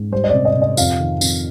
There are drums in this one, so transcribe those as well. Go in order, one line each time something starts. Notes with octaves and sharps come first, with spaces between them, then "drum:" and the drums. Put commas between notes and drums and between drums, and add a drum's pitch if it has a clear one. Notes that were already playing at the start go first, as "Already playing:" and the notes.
Already playing: G#2
G3 C5
D#5
C3 D5
D#5
C3
D#5
F2 F5, drum: tambourine
D#3
F2, drum: tambourine